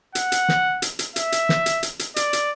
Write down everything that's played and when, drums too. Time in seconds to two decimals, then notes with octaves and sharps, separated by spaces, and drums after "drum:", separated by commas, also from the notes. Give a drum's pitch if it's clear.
0.15 F#5, drum: hi-hat
0.32 drum: hi-hat
0.49 drum: snare
0.82 drum: hi-hat
0.99 drum: hi-hat
1.16 E5, drum: hi-hat
1.32 drum: hi-hat
1.49 drum: snare
1.66 drum: hi-hat
1.83 drum: hi-hat
1.99 drum: hi-hat
2.16 D5, drum: hi-hat
2.33 drum: hi-hat